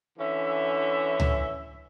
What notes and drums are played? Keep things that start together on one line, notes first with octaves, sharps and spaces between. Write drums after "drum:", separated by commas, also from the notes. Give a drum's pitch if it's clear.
D3 E3 C#4 E5
drum: tom C#2